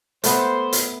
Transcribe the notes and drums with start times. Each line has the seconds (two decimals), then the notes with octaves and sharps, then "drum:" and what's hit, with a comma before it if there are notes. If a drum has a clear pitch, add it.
0.24 A3 B3 C5, drum: hi-hat
0.73 drum: hi-hat